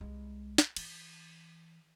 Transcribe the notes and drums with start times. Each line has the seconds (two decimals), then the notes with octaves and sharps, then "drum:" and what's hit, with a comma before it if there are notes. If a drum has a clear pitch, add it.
0.01 C2 G#3
0.58 drum: snare
0.76 E3, drum: cymbal